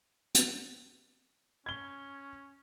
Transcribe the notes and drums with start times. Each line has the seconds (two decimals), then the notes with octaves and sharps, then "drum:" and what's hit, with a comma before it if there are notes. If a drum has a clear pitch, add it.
0.35 drum: hi-hat
1.66 C#4 G#6 G7